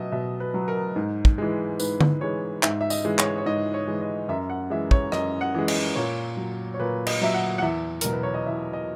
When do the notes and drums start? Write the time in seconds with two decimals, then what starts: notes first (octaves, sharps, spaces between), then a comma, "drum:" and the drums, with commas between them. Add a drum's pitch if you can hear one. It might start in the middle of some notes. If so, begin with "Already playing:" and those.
Already playing: B2 F#3 D#5 E5
0.12 B2 E5
0.40 B4
0.54 F#3
0.68 A#4
0.96 G#2
1.25 drum: kick
1.38 E3 G#3
1.80 G#2 B4, drum: tambourine
2.01 drum: tom D3
2.21 E3 G#3 C#5
2.63 G#2 E5, drum: clap
2.81 E5
2.90 D#5, drum: tambourine
3.04 E3 G#3
3.18 C#5, drum: clap
3.38 C#5
3.46 G#2 D#5
3.74 C#5
3.87 E3 G#3
4.01 D#5
4.29 F#2 E5
4.50 F#5
4.70 E3 G#3 E5
4.91 C#5, drum: kick
5.12 F#2 D#5, drum: rim click
5.41 F#5
5.54 E3 G#3
5.68 D#5, drum: cymbal
5.95 A#2 C#5
6.37 F#3
6.74 C#5
6.80 A#2 B4
7.07 D#5, drum: cymbal
7.21 F#3 E5
7.34 F#5
7.58 F#5
7.62 E2 E5
8.01 B2 F#3 A#4, drum: hi-hat
8.13 B4
8.23 C#5
8.34 D#5
8.46 E2 E5
8.73 D#5